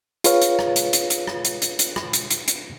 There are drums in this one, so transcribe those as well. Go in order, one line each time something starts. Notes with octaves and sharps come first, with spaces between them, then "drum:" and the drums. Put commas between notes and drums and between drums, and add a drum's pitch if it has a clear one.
F4 G#4 B4 C#5 F5, drum: hi-hat
drum: hi-hat
drum: rim click
drum: hi-hat
drum: hi-hat
drum: hi-hat
drum: rim click
drum: hi-hat
drum: hi-hat
drum: hi-hat
drum: rim click
drum: hi-hat
drum: hi-hat
drum: hi-hat